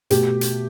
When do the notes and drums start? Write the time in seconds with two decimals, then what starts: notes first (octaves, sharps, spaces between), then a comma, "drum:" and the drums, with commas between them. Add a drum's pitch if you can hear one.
0.10 B2 A3 G4, drum: hi-hat
0.41 drum: hi-hat